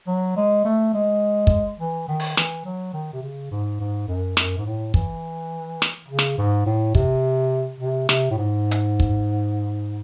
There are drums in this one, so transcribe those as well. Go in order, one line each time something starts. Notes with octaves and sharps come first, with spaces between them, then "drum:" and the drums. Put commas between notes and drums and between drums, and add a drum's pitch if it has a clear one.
F#3
G#3
A3
G#3
drum: kick
E3
D#3
drum: open hi-hat
E3, drum: snare
F#3
D#3
C3
C#3
G#2
G#2
F#2
F#2, drum: snare
G#2
A2
E3, drum: kick
drum: snare
C#3
drum: snare
G#2
A2
C3, drum: kick
C3
C3, drum: snare
A2
G#2
drum: hi-hat
drum: kick